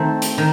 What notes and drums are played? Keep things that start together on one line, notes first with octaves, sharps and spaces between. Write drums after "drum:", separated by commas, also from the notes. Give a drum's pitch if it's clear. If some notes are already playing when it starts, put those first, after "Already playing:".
Already playing: D#3 A3 C4
drum: hi-hat
D#3